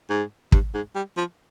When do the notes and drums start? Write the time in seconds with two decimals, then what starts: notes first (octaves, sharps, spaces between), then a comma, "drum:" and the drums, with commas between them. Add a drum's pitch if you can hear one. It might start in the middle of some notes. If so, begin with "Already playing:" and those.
0.10 G#2
0.52 G2, drum: kick
0.74 G#2
0.96 G3
1.17 F3